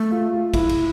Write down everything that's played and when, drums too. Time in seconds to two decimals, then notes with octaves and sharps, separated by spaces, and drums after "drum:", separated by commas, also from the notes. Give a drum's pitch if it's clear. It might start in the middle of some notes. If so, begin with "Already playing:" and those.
Already playing: A3
0.11 F4
0.33 F4
0.54 E4, drum: kick, cymbal
0.69 drum: cymbal